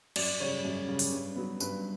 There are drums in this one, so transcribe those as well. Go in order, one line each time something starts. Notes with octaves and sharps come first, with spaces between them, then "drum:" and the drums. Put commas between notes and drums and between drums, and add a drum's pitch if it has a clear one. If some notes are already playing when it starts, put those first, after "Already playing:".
F#2 D5, drum: cymbal
C#3 G3 C#5
F#2
C#3 G3
drum: open hi-hat
G2
F#3 B3
G2 B4, drum: tambourine